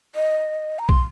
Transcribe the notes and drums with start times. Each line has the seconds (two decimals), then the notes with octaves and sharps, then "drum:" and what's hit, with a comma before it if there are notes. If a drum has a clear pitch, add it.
0.15 D#5
0.79 A#5
0.89 C6, drum: kick